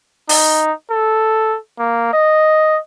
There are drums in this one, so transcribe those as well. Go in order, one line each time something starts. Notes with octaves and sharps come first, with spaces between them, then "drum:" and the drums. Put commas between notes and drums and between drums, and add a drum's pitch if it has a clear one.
D#4, drum: open hi-hat
A4
A#3
D#5